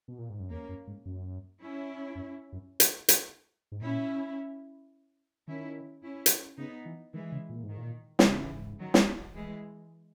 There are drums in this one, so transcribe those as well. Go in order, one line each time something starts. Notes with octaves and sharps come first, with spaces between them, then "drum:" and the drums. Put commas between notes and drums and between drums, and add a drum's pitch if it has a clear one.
B2
A#2
G#2
F#2
E2 A#3 C#4
F#2
G#2
F#2
C#4 E4
F#2
F#2
drum: hi-hat
drum: hi-hat
G#2
A#2 C#4 E4
D#3 C#4 E4
C#4 E4
drum: hi-hat
C#3 B3 D#4
E3
D#3 E3 G#3
C#3
A#2
G#2
D#3
A#2
F#2, drum: snare
G#2 C#3 E3
D#3 F#3
drum: snare
E3 G#3